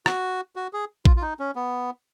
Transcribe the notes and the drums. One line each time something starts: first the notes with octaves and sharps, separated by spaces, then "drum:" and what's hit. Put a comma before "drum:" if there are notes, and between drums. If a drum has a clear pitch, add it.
F#4, drum: rim click
F#4
G#4
F4, drum: kick A#1
F4
D#4
C#4
B3